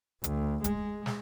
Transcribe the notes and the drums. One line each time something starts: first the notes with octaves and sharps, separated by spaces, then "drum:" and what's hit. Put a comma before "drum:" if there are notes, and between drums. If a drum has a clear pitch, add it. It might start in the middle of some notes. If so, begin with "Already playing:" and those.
D2, drum: hi-hat
G#3, drum: kick, hi-hat
drum: snare